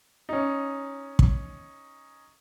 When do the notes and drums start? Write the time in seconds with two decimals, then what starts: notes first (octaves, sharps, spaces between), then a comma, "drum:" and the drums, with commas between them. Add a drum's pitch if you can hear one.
0.29 C#4 D#4
1.19 drum: kick